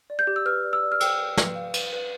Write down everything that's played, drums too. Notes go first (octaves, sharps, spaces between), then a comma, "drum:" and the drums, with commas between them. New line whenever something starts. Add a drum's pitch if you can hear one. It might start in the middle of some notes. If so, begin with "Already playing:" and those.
D5
G6
G4
E6
B4 F6
D5
E6
D5
F6
G5 E6, drum: cymbal
B4
B4, drum: snare
F5
B4, drum: cymbal
B4